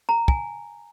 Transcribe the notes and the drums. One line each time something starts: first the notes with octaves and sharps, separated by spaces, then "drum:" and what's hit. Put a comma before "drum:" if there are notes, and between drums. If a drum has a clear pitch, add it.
A#5
G#5, drum: kick